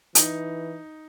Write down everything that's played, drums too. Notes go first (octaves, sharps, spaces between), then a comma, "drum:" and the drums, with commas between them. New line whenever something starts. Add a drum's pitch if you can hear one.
E3 D#4, drum: hi-hat